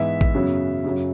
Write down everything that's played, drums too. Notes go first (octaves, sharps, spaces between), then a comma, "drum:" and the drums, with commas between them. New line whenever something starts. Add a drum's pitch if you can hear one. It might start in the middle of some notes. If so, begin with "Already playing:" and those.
Already playing: G#2 E3 B3 E5
drum: kick A1
F#2 C#3 F#3 B3
F#2 C#3 F#3